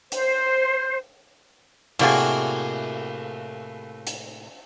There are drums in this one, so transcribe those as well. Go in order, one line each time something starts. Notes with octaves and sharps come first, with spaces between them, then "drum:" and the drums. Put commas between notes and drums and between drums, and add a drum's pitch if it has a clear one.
C5, drum: hi-hat
A2 C3 A#3 F#4 G#4, drum: cymbal
drum: hi-hat